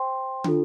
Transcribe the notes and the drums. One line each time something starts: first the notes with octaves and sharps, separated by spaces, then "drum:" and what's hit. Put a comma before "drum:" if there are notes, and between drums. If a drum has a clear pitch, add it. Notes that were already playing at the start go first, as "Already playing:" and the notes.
Already playing: C5 G5 C6
D4 F4 A4, drum: tom